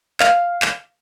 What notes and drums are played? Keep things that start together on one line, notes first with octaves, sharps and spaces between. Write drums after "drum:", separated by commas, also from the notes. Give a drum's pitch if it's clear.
F5, drum: clap
drum: clap